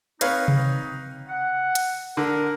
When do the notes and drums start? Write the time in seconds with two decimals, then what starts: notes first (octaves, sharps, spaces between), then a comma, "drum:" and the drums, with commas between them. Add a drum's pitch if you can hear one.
0.21 C4 D#4 B4 C#5 F5, drum: hi-hat
0.48 drum: tom C3
1.28 F#5
1.75 drum: hi-hat
2.17 D3 A#4